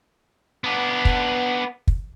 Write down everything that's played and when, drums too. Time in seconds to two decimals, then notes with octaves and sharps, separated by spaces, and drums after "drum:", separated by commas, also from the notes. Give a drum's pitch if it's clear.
0.64 B3 D4
1.05 drum: kick
1.87 drum: kick